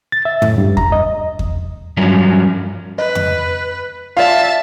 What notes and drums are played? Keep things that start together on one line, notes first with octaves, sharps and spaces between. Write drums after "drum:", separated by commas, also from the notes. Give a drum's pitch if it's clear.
A6
E5
A2, drum: tom F2
G2
A#5, drum: kick E2
D#5
drum: kick E2
G2 F3 F#3 C#4
B4 D#5
drum: tom F2
F4 D5 E5 F5 A5